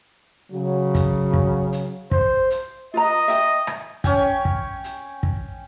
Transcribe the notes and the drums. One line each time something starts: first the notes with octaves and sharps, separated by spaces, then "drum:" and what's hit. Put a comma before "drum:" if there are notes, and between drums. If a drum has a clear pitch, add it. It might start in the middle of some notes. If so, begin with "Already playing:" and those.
C#3 F#3
drum: kick, hi-hat
drum: kick
drum: hi-hat
C5, drum: kick
drum: hi-hat
F4 B4 D#5 A#5
E5 G5, drum: hi-hat
drum: rim click
C#4 G5 G#5, drum: kick, hi-hat
drum: kick
drum: hi-hat
drum: kick